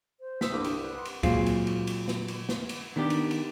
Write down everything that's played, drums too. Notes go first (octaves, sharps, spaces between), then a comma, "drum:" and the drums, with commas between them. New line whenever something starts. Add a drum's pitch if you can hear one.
C5
D#6 E6 B6, drum: snare
C2 G2 F#5 D6
D4 G4, drum: cymbal
B4
F#5 C6
drum: cymbal
A#2 F#3 G#3 C4 F4, drum: kick C#2, cymbal
drum: cymbal
drum: cymbal
drum: cymbal
drum: snare
drum: cymbal
drum: snare
drum: cymbal
D#3 B3 D4 G4
drum: cymbal
drum: cymbal